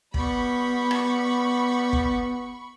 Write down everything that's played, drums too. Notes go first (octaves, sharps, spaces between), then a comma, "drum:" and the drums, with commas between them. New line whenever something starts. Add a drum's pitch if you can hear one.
G3 B3 B5 C#6, drum: kick
drum: rim click
drum: kick